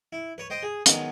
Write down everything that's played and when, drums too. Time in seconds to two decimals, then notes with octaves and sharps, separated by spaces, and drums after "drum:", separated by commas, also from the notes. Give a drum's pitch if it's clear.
0.13 E4
0.38 B4 C#5
0.50 C5 D#5 G5 C6
0.63 G#4
0.86 D#3 F#3 G#3 B3, drum: hi-hat